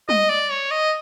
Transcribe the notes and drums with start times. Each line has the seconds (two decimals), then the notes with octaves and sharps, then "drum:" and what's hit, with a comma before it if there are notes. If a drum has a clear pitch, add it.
0.09 D#5, drum: tom G3
0.29 D5
0.51 C#5
0.71 D#5